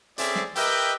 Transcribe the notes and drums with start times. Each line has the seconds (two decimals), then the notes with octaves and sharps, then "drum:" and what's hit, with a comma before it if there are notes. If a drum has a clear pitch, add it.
0.18 C4 C#4 G#4 A4 D5 E5, drum: hi-hat
0.35 drum: snare
0.55 G4 A#4 B4 D#5 E5 G5, drum: hi-hat